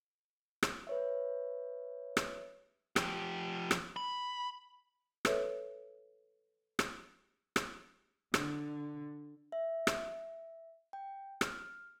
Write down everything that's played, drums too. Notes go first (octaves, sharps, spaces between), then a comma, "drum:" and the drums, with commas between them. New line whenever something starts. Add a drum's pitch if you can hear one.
drum: rim click
B4 C#5 E5
drum: rim click
F3 G4, drum: rim click
drum: rim click
B5
A4 B4 C#5 E5, drum: rim click
drum: rim click
drum: rim click
D3, drum: rim click
E5
drum: rim click
G5
F6, drum: rim click